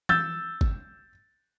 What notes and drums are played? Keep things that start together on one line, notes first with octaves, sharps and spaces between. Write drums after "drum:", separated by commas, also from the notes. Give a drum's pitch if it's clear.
E6 G6 A6, drum: tom E3
drum: kick